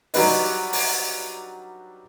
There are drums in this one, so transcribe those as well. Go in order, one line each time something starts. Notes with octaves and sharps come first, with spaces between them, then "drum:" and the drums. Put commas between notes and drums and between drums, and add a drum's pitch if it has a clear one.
F#3 G3 D4 D#4 B4 D#5, drum: open hi-hat
drum: open hi-hat